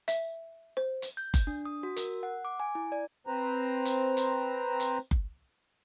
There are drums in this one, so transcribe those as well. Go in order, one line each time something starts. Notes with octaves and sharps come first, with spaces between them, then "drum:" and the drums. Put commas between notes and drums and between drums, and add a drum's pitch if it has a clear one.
E5, drum: hi-hat
C5
drum: hi-hat
G6
drum: kick F#1, hi-hat
D4
D#6
F#4
A#4, drum: hi-hat
F#5
D6
G#5
E4
D5
C4 B4 C5 A#5
drum: hi-hat
drum: hi-hat
drum: hi-hat
drum: kick F#1